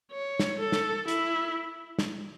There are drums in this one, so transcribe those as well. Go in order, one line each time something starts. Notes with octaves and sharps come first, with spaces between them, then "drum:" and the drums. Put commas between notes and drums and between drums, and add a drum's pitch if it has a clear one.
C#5
drum: snare
A4
drum: snare
E4, drum: hi-hat
drum: snare